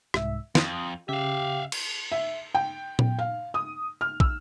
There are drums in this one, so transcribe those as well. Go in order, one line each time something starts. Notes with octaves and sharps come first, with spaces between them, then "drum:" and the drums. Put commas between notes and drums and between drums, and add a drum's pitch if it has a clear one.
C2 G#2 E5, drum: rim click
F2 C6 D#6, drum: snare
C#3 G4 E5 F5
drum: cymbal
E5
G5
drum: tom A#2
F5
D#6
F6
E6, drum: kick